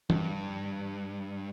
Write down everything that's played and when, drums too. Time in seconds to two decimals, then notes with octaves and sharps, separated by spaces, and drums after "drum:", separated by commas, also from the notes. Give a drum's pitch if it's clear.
0.10 G2, drum: tom E3